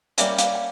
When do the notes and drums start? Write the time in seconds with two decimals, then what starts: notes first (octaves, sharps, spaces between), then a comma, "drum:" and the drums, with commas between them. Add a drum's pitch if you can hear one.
0.18 G3 A#3 C#4 E5, drum: hi-hat
0.38 F5, drum: hi-hat
0.55 G5